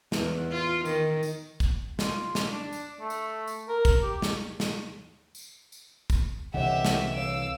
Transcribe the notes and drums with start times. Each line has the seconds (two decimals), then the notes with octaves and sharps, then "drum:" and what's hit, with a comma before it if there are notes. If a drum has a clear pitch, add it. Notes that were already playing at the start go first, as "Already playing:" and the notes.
0.12 E2, drum: snare
0.51 F4
0.85 D#3, drum: tambourine
1.23 drum: tambourine
1.60 drum: kick, tambourine
1.99 F4, drum: snare
2.35 drum: snare
2.51 D4
2.73 drum: tambourine
3.00 A3
3.10 drum: tambourine
3.47 drum: tambourine
3.68 A#4
3.85 drum: kick, tambourine
4.03 G4
4.22 drum: snare
4.60 drum: snare
5.35 drum: tambourine
5.72 drum: tambourine
6.10 drum: kick, tambourine
6.54 C2 D3 E3 G4 C#5 D#5 E5 F#5
6.85 drum: snare
7.14 C#5 F5 E6 D7